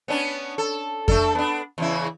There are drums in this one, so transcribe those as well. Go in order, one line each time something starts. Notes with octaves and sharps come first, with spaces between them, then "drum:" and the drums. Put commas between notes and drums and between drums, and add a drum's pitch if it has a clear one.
B3 C#4 D4
A4
A3 D4 A4, drum: kick F2
B3 D4
E2 C#3 E4